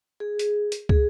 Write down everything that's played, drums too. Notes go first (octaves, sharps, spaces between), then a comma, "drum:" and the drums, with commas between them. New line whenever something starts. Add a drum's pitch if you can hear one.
G#4
drum: hi-hat
drum: hi-hat
G#4, drum: kick